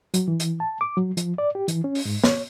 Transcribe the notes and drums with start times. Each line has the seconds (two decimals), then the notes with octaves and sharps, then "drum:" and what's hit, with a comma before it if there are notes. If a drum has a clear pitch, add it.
0.14 F#3, drum: hi-hat
0.28 E3
0.40 drum: hi-hat
0.60 A5
0.81 D6
0.97 F#3
1.17 F3, drum: hi-hat
1.38 D5
1.55 G4
1.68 E3, drum: hi-hat
1.84 C#4
1.95 drum: open hi-hat
2.05 G#2
2.24 C#5, drum: snare